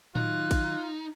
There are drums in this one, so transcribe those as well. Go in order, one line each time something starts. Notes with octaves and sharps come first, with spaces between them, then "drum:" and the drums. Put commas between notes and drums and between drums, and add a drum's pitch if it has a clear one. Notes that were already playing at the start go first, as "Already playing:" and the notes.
D#3 F#3 D#4 F4 F#6, drum: tom A2
drum: kick A1, cymbal